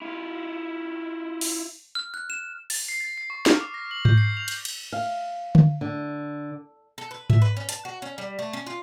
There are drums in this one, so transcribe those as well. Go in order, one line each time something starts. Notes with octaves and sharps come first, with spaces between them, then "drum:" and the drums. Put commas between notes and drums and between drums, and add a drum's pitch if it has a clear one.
E4 F4
drum: open hi-hat
F6
F#6
E7
A6, drum: open hi-hat
C7
A6
C7
C#6
F6, drum: snare
D6
A#6
F#7
G6, drum: tom G#2
C7
F7
drum: cymbal
drum: cymbal
F5
drum: tom D3
D3
A4
B4
E5, drum: tom G#2
B4
C#4
A5, drum: hi-hat
F#4
C#4
G3
A3
C#4
F4